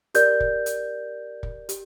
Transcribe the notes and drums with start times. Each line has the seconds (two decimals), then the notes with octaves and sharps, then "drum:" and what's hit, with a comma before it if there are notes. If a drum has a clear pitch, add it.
0.14 G4 A#4 D5 G6, drum: hi-hat
0.40 drum: kick
0.66 drum: hi-hat
1.43 drum: kick
1.69 G4, drum: hi-hat